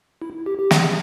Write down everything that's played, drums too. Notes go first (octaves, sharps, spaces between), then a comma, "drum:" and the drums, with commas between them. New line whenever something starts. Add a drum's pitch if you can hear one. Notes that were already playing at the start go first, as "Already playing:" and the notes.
E4
G4
G4
G#4, drum: snare